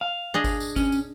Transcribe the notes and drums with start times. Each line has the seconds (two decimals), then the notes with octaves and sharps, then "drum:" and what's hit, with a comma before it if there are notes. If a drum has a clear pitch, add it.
0.01 F5
0.34 D4 G#4 D#5
0.44 drum: kick G1, tambourine
0.60 drum: tambourine
0.76 C#4, drum: kick G1, tambourine
0.92 drum: tambourine